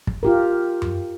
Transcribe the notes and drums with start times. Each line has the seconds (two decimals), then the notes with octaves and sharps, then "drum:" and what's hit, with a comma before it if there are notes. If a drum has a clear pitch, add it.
0.07 drum: kick
0.23 F4 G4 A#4
0.82 drum: tom F#2